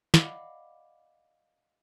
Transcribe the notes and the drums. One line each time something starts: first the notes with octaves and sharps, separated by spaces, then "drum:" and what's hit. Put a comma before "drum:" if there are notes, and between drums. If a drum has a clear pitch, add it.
D5 D#5 F5 F#5 B5 D6, drum: snare